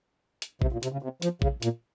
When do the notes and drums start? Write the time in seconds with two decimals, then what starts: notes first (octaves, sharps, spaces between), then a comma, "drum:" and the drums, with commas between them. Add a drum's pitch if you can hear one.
0.42 drum: hi-hat
0.62 C3, drum: kick
0.72 A#2
0.83 C3, drum: hi-hat
0.92 C#3
1.02 C3
1.22 F3, drum: hi-hat
1.42 C#3, drum: kick
1.62 A#2, drum: hi-hat